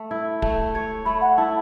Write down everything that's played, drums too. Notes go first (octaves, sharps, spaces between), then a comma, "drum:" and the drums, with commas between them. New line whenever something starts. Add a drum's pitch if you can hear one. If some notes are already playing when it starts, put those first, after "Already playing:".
Already playing: A3
E4
A3, drum: kick
C#5
A3 B5
F#5
E4 A5